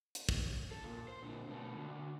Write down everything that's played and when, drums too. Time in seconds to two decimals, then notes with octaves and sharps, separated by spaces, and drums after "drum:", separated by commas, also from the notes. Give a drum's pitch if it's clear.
0.15 drum: hi-hat
0.29 drum: kick
0.72 A4
0.84 A#2
1.08 C5
1.22 A#2 D3
1.49 B2 A3
1.76 D2